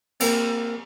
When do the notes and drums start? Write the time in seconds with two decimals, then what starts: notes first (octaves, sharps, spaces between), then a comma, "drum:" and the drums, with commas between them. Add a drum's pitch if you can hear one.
0.20 A#3 C4, drum: cymbal